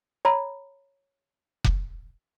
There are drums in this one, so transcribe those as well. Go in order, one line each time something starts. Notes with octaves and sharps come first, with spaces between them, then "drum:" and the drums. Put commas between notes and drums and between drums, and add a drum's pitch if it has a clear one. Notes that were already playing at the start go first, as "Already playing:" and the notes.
C#5 A#5 B5
drum: kick F1